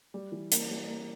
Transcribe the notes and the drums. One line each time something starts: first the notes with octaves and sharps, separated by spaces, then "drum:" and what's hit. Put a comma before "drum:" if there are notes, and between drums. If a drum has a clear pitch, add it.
G3
E3
A#3, drum: hi-hat
G3
A#3